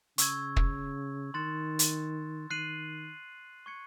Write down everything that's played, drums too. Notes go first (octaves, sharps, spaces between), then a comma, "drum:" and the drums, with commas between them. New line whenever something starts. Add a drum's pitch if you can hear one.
C#3 C#6 E6 G#6, drum: hi-hat
drum: kick
D#3 C6 F#6 A6 C#7 E7
drum: hi-hat
D#3 F#6 C7 D#7 F#7
C#6 G#6 C#7